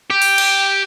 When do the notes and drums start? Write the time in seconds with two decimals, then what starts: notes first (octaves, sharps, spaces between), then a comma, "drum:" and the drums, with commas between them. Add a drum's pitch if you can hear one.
0.11 G4
0.22 drum: open hi-hat
0.38 drum: cymbal